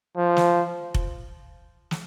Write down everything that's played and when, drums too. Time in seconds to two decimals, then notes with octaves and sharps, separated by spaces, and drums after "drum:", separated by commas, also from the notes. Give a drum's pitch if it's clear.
0.17 F3
0.37 drum: snare
0.94 drum: kick F1
1.91 drum: snare